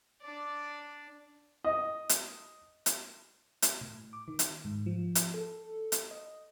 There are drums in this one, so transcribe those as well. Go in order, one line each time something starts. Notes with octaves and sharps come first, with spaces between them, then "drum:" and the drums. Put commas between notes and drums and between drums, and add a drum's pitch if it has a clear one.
D4 D5
D#5
drum: hi-hat
drum: hi-hat
drum: hi-hat
A2
D6
D#3
drum: hi-hat
G#2
F3
drum: hi-hat
A4
drum: hi-hat
D#5